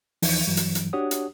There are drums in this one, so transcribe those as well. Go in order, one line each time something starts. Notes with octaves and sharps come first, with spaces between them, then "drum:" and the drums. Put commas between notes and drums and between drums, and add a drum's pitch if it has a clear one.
D#2 E3 F3 D#4, drum: open hi-hat
G2 E3 F#3
drum: hi-hat
drum: hi-hat
D4 F#4 G4 C#5 F#5 D#6
drum: hi-hat